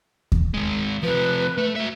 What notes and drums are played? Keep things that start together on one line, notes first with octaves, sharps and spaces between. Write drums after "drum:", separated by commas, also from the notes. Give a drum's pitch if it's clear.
drum: kick D#2
D#3 G#3
C3 F3 B4
A3
F#4 E5